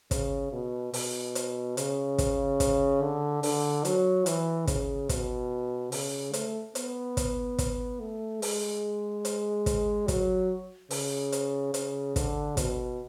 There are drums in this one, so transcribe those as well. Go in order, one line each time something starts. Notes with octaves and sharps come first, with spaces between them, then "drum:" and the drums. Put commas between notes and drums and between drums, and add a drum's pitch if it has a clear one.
C#3, drum: kick, hi-hat
B2
B2, drum: open hi-hat
drum: hi-hat
C#3, drum: hi-hat
drum: kick, hi-hat
drum: kick, hi-hat
D3
D3, drum: open hi-hat
F#3, drum: hi-hat
E3, drum: hi-hat
C#3, drum: kick, hi-hat
B2, drum: kick, hi-hat
C#3, drum: open hi-hat
A3, drum: hi-hat
B3, drum: hi-hat
drum: kick, hi-hat
drum: kick, hi-hat
A3
G#3, drum: open hi-hat
drum: hi-hat
drum: kick, hi-hat
F#3, drum: kick, hi-hat
C#3, drum: open hi-hat
drum: hi-hat
C#3, drum: hi-hat
D3, drum: kick, hi-hat
B2, drum: kick, hi-hat